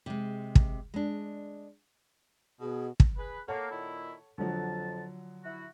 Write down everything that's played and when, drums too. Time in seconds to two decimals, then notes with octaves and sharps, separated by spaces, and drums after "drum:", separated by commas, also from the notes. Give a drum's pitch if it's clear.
0.06 C3 G#3
0.55 drum: kick
0.94 G#3 D4
2.61 B2 G#4
3.00 drum: kick
3.18 G#4 B4
3.48 A#3 A4 C#5 F#5
3.70 A#2 D#3 E4
4.38 F2 D3 F3 F#3 A5
5.44 E4 F#4